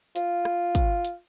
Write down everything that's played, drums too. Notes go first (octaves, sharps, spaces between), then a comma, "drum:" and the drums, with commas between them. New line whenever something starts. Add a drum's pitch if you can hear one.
F4, drum: hi-hat
drum: rim click
drum: kick, hi-hat
drum: hi-hat